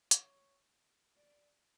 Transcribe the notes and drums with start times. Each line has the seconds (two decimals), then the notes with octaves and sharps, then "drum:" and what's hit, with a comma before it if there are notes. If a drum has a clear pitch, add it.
0.11 C#5, drum: hi-hat
1.16 D5